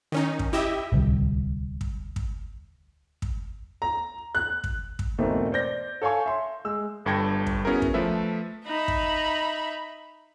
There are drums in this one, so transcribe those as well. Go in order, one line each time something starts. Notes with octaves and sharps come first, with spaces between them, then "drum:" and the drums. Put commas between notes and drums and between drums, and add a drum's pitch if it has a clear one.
D#3 C#4 D#4
drum: kick
E4 G4 D#5 E5
D1 C2
drum: kick
drum: kick
drum: kick
A#5
F#6
drum: kick
drum: kick
E2 G#2 B2 A3 A#3 C4
C5 D5 G6 A#6
A4 C#5 F5 G#5 C#6
E5 C6
G#3 E6
G1 G2 A4 G5 G#6 A#6
drum: kick
B3 C#4 E4 F#4 G#4 A#4
drum: kick
F3 A3 B4 E5
D#4 E5 B5
drum: kick